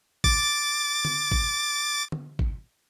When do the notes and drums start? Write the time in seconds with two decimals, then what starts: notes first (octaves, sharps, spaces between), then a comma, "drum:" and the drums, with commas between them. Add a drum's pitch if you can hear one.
0.24 D6 A6, drum: kick G#1
1.05 drum: tom D3
1.32 drum: kick G#1
2.12 drum: tom D3
2.39 drum: kick G#1